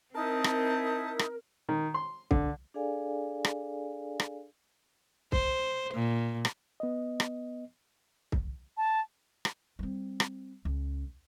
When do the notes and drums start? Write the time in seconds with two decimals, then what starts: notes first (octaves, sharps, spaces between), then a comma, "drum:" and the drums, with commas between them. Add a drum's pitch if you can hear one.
0.14 C4 D#4 E4 A#4 A5 D#6
0.44 drum: rim click
1.19 drum: rim click
1.69 D#3
1.94 C6
2.31 D3, drum: kick C2
2.74 D4 G#4 A4 D5 F5 G#5
3.44 drum: rim click
4.20 drum: rim click
5.32 C5, drum: kick C2
5.94 A#2
6.45 drum: rim click
6.80 B3 D#5
7.20 drum: rim click
8.32 drum: kick C2
8.77 A5
9.45 drum: rim click
9.79 G3 C4
10.20 drum: rim click
10.65 C#2